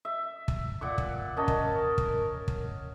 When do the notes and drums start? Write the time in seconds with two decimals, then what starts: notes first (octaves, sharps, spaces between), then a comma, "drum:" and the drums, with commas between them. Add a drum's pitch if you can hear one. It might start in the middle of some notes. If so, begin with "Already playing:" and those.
0.05 E5
0.48 drum: kick
0.81 A#2 F#5 D6
0.98 drum: kick
1.37 C#4 A#4 D#5 A5
1.48 drum: kick
1.98 drum: kick
2.48 drum: kick